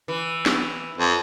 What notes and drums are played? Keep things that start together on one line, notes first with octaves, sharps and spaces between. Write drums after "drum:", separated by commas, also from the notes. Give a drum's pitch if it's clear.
E3
drum: snare
F2